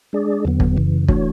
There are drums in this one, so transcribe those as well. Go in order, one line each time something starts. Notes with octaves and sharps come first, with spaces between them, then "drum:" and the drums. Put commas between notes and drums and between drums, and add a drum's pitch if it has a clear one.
G#3 D4 G#4 D5
E2 D3 F#3 B3
drum: kick
F#2 C#3 E3
E3 A3 D4 F#4 C#5, drum: kick